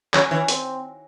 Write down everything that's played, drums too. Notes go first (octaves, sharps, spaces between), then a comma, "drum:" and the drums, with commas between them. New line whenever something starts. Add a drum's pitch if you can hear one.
F#3 C#4, drum: clap
E3
C4, drum: hi-hat